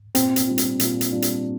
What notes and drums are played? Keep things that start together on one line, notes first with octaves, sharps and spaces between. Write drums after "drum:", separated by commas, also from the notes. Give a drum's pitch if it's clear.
A#2 C4, drum: hi-hat
drum: hi-hat
G3 D4 F4
drum: hi-hat
A#2, drum: hi-hat
drum: hi-hat
G3 D4 F4
drum: hi-hat